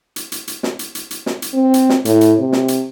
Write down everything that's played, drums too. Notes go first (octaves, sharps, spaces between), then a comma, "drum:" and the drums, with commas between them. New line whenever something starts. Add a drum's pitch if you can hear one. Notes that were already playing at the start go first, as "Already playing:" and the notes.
drum: hi-hat
drum: hi-hat
drum: hi-hat
drum: snare
drum: hi-hat
drum: hi-hat
drum: hi-hat
drum: snare
drum: hi-hat
C4
drum: hi-hat
drum: snare
A2, drum: hi-hat
drum: hi-hat
C3
drum: snare
drum: hi-hat